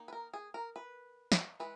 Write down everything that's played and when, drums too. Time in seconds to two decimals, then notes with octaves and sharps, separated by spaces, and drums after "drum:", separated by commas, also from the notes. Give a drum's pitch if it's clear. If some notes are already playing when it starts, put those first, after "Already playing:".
Already playing: D#3 A#3 D#4
0.08 B4
0.13 A#4
0.33 G#4
0.54 A#4
0.76 B4
1.32 drum: snare
1.60 E3 G#3 B4